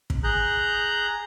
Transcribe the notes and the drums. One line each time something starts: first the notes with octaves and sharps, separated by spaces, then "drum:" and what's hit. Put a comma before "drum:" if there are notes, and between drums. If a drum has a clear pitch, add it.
drum: kick
G#4 A#5 F#6 G6